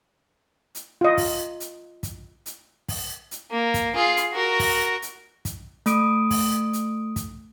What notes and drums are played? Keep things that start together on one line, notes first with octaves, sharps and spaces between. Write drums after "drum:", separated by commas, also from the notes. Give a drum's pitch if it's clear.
drum: hi-hat
F4 D#5
drum: kick, open hi-hat
drum: hi-hat
drum: kick, hi-hat
drum: hi-hat
drum: kick, open hi-hat
drum: hi-hat
A#3
drum: kick, hi-hat
F4 G#4
drum: hi-hat
F#4 A#4
drum: kick, open hi-hat
drum: hi-hat
drum: kick, hi-hat
A3 D#6 D7, drum: hi-hat
drum: kick, open hi-hat
drum: hi-hat
drum: kick, hi-hat